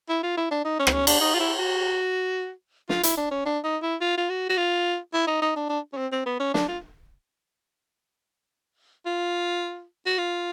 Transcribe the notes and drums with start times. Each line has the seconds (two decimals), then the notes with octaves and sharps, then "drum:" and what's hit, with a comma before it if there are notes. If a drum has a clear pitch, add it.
0.09 E4
0.23 F4
0.37 E4
0.51 D4
0.65 D#4
0.79 C#4
0.87 C4, drum: rim click
0.93 C#4
1.07 D4, drum: cymbal
1.21 D#4
1.34 F4
1.40 E4
1.59 F#4
2.89 F4, drum: snare
3.03 E4, drum: hi-hat
3.17 D4
3.31 C#4
3.46 D4
3.64 D#4
3.83 E4
4.01 F4
4.18 F4
4.30 F#4
4.49 F#4
4.57 F4
5.14 E4
5.27 D#4
5.42 D#4
5.56 D4
5.69 D4
5.93 C#4
5.97 C4
6.12 C4
6.26 B3
6.40 C#4
6.54 D4, drum: snare
6.68 F4
9.06 F4
10.06 F#4
10.18 F4